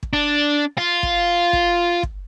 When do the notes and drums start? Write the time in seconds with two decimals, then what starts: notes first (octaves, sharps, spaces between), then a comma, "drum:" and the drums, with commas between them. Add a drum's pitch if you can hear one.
0.03 drum: kick
0.13 D4
0.78 F4
1.03 drum: kick
1.53 drum: kick
2.03 drum: kick